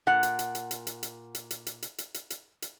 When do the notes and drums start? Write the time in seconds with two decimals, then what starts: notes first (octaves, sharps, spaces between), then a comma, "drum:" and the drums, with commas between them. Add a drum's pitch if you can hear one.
0.07 A#2 F#5
0.23 drum: hi-hat
0.39 drum: hi-hat
0.55 drum: hi-hat
0.71 drum: hi-hat
0.87 drum: hi-hat
1.03 drum: hi-hat
1.35 drum: hi-hat
1.51 drum: hi-hat
1.66 drum: hi-hat
1.82 drum: hi-hat
1.98 drum: hi-hat
2.14 drum: hi-hat
2.30 drum: hi-hat
2.62 drum: hi-hat